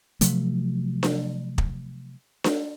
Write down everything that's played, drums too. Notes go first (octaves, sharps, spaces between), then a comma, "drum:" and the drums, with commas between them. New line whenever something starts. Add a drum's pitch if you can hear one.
C3 F3 F#3 A3, drum: hi-hat
drum: snare D4
drum: kick
drum: snare D4